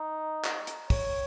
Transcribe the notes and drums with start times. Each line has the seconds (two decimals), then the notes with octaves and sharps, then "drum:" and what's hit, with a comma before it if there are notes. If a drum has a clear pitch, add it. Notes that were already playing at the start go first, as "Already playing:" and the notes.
Already playing: D#4
0.44 drum: clap
0.67 drum: hi-hat
0.90 C#5, drum: kick, open hi-hat